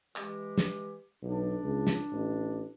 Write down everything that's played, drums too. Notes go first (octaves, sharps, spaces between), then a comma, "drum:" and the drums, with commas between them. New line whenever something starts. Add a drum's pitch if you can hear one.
E3 G#3 G4, drum: clap
drum: snare
B1 D4
C#2
drum: snare
A1